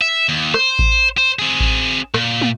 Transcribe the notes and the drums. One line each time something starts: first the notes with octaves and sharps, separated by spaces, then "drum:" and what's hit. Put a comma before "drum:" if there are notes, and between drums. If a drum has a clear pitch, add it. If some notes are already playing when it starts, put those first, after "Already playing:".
E5
D#2
C5, drum: rim click
drum: kick A1
C5
C4 G#4
drum: kick A1
A#2, drum: rim click
drum: tom